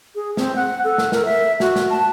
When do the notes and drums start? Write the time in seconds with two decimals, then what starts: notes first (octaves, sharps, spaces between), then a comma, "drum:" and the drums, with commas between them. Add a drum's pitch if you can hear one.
0.15 G#4
0.37 C4, drum: snare
0.56 F#5
0.84 A4
0.98 drum: snare
1.12 A#4, drum: snare
1.25 E5
1.60 F#4, drum: snare
1.76 drum: snare
1.90 A5